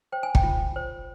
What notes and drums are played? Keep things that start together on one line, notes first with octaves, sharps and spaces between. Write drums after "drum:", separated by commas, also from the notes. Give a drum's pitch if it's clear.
C5 G5
G#5
G5, drum: kick
F4
C5